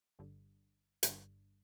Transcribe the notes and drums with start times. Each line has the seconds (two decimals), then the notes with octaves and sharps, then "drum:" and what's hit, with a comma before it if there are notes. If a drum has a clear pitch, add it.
0.19 G1 G2 D3
1.03 G1 G2 D3, drum: hi-hat